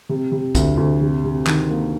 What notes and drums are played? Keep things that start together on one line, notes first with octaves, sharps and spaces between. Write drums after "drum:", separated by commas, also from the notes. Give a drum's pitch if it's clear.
C3
C3
D2, drum: kick, hi-hat
D2
C3
C3
D#3, drum: clap
A#3